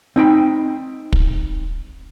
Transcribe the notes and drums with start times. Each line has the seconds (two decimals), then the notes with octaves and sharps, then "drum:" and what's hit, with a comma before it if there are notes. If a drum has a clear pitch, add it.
0.16 C4 D#4 G5 B5
1.13 drum: kick